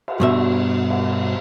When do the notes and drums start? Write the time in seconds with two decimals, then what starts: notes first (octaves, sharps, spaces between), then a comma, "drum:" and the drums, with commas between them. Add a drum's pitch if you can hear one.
0.08 drum: cymbal
0.20 G2 B2 E5
0.90 drum: cymbal